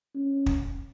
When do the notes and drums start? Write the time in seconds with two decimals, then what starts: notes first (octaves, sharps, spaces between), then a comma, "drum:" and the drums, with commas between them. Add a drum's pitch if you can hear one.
0.15 C#4
0.46 drum: kick